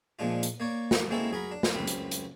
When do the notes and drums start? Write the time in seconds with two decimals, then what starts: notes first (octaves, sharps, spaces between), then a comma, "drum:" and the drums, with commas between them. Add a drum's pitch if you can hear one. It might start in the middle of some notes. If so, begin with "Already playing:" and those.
0.19 A#2 F3 G#3 D4 F4
0.43 drum: hi-hat
0.60 A#3 C#5 D5
0.91 drum: snare
1.11 G#3 A#3 C4 C#4 E4 A4
1.32 F#3 G#4 A#4 B5
1.51 D4
1.63 drum: snare
1.74 C#2 F#2 C4 B5
1.87 drum: hi-hat
2.11 drum: hi-hat